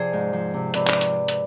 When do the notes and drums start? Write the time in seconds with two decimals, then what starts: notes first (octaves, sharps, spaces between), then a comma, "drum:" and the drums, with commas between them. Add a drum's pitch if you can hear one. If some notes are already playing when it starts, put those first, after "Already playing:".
Already playing: C3 F3 G#4 C5 D5
0.13 G#2
0.33 F3
0.54 C3
0.74 C3 B4 D5, drum: hi-hat
0.88 drum: clap
1.01 drum: hi-hat
1.28 drum: hi-hat